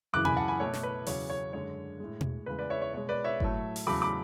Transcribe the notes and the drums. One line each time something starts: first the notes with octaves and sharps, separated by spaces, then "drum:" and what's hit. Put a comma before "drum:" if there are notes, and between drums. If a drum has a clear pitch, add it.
F#2 C#3 E3 D6 F#6
G#5 B5, drum: tom B2
F#5 A5
G#5 B5
B2 A3 C#5
drum: snare
B4
E2 C#3 F#3 C#5, drum: open hi-hat
C#5
F#2 D3 G#3 C#5
A2 G#3
drum: tom B2
E2 C#3 G#3 B4
B4 D5
C#5 E5
C#5
B2 G#3 C#5
B4 D5
C#5 E5
A2 F#3 A3, drum: kick G1
drum: open hi-hat
E2 C#3 F#3 A3 B5 D6
B5 D6